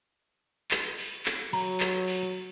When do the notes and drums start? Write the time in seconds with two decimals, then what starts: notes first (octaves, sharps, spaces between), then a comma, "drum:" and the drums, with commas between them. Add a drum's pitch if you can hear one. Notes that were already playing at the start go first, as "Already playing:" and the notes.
0.71 drum: clap
0.98 drum: cymbal
1.26 drum: clap
1.53 F#3 A#5, drum: cymbal
1.80 drum: clap
2.08 drum: cymbal